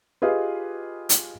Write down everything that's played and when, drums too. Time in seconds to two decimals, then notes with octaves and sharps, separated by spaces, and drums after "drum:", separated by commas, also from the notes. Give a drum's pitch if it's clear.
0.22 F4 G4 G#4 B4 D#5 F5
1.09 drum: hi-hat